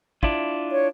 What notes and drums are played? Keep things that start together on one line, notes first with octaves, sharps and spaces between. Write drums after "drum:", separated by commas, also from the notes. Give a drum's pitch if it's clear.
D4 E4 F4, drum: kick
C#5